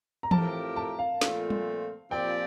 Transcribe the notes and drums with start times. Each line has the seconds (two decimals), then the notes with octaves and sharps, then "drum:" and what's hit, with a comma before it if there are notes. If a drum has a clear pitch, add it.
0.23 A#5
0.31 A2 F3 C4 G4 A#4 A5, drum: tom E3
0.76 A5
0.99 F5
1.21 A#2 F3 A3 C4 F4, drum: snare
1.50 drum: tom G3
2.11 A#2 F3 C4 G4 D5 G5